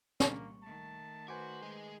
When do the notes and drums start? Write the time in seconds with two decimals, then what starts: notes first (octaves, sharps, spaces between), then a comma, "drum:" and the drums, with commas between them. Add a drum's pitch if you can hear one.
0.20 C2 A#2 G3 A#3 C#6, drum: snare
0.63 D#3 A3 A5
1.28 F#4 B4 C5 G#5 D6
1.63 G#3 G#4